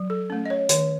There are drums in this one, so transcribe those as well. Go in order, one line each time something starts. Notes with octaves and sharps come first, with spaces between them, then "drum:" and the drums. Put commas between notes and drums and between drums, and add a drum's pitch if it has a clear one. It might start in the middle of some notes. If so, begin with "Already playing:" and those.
Already playing: F#3
A4
A3 C#4
D#5
C#5
D#3 C#5, drum: hi-hat